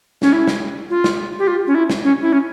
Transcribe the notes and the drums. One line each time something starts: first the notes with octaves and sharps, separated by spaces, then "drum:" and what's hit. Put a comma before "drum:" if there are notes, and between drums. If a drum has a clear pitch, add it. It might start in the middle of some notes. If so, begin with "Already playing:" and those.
C#4, drum: snare
E4
drum: snare
F4
drum: snare
G4
F4
C#4
E4
drum: snare
C#4
E4
C#4